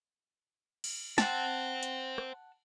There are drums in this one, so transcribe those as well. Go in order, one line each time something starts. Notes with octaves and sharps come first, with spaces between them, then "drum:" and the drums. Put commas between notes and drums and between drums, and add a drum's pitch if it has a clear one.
drum: cymbal
C5 F#5 G5 A5, drum: snare
drum: hi-hat
drum: rim click